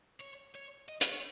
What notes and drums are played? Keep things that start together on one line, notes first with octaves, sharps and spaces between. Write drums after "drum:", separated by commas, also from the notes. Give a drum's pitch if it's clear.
C#5
C#5
D#5
C#5, drum: hi-hat
C#5